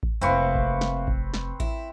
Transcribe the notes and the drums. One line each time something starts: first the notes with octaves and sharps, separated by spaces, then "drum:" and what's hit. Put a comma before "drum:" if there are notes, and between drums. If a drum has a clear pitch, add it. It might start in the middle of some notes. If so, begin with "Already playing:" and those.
drum: kick A1
F1 A3 A#3 C4 E4 B4 C#6
drum: kick A1
drum: snare
drum: kick A1
drum: snare
E4, drum: kick A1